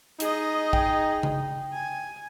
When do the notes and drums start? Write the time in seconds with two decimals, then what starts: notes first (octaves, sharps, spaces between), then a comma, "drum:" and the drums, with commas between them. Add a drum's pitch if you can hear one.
0.20 D#4 G#4 D#5, drum: hi-hat
0.73 G5, drum: kick A#1
1.23 drum: tom C#3
1.73 G#5